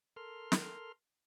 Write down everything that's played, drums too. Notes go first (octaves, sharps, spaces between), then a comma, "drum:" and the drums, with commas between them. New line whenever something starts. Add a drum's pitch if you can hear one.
A4 A#4 C6 F6
drum: snare